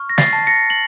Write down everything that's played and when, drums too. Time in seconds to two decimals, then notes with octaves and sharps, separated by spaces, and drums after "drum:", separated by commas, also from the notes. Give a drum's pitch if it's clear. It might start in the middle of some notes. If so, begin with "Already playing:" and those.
Already playing: C#6 F6
0.09 A#6
0.18 A6 C7, drum: snare
0.33 A5
0.47 A#6 C#7
0.70 F#7